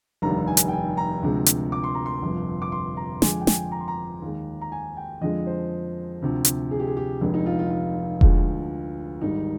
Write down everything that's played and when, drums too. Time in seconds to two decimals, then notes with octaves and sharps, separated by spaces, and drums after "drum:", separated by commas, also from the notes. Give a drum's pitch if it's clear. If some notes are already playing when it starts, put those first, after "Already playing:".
0.22 F1 D#2 D3 G3 A#5
0.47 G#5
0.57 drum: hi-hat
0.68 G5
0.72 G#5
0.97 A#5
1.23 D2 C3 F3 G#3
1.46 drum: hi-hat
1.72 D6
1.84 C6
1.95 A#5
2.06 C6
2.22 G1 F2 C3 F3
2.62 D6
2.72 C6
2.97 A#5
3.22 F2 D3 F3 G#3 G#5, drum: snare
3.41 G5
3.47 G#5, drum: snare
3.72 A#5
3.80 C6
3.88 A#5
4.22 D#2 D#3 G#3
4.61 A#5
4.72 G#5
4.97 G5
5.21 F2 D3 F3 G#3 D#5
5.47 C5
6.22 D2 C3 F3
6.45 drum: hi-hat
6.71 G#4
6.80 G4
6.87 G#4
6.97 G4
7.21 F1 F2 D3 G#3
7.34 D#4
7.46 F4
7.59 F4
7.71 F4
8.21 D2 D3 F3 G#3, drum: kick E1
9.21 G#1 G#2 G3 D#4